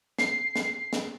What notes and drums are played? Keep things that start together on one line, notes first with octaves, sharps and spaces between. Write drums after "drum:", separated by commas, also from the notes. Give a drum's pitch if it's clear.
C7, drum: snare
drum: snare
drum: snare